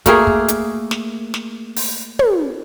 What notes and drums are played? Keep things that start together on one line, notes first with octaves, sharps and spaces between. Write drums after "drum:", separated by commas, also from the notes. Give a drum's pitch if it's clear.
A3 A#3 G#4, drum: kick, hi-hat
drum: kick
drum: hi-hat
drum: snare
drum: snare
drum: open hi-hat
drum: tom